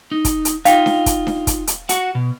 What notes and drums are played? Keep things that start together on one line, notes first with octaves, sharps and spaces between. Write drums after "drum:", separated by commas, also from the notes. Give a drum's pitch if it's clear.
D#4
drum: kick, hi-hat
drum: hi-hat
D#4 F4 F5 G5, drum: hi-hat
drum: snare D4
drum: kick, hi-hat
drum: snare D4
drum: kick, hi-hat
drum: hi-hat
F#4 F#5, drum: hi-hat
B2